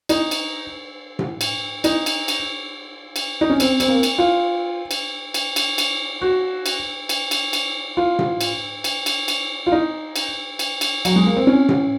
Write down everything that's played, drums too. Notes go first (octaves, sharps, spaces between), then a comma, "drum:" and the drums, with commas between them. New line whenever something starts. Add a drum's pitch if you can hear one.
D#4, drum: cymbal
drum: cymbal
drum: tom A2
drum: cymbal
D#4, drum: cymbal
drum: cymbal
drum: cymbal
drum: cymbal
D#4
C#4
C4, drum: cymbal
C4, drum: cymbal
A#3
drum: cymbal
F4
drum: cymbal
drum: cymbal
drum: cymbal
drum: cymbal
F#4
drum: cymbal
drum: cymbal
drum: cymbal
drum: cymbal
F4
drum: tom A2
drum: cymbal
drum: cymbal
drum: cymbal
drum: cymbal
F4
D#4
drum: cymbal
drum: cymbal
drum: cymbal
F#3, drum: cymbal
G#3
A#3
C4
C#4
drum: tom A2